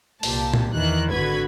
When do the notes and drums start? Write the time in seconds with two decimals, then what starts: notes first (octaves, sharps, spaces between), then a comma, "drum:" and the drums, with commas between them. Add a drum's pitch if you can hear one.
0.23 C2 A#2 G4 A5, drum: open hi-hat
0.54 drum: tom A#2
0.72 E2 D#3 E3 F#6
1.10 G#1 D3 F#4 B4 B5 G#6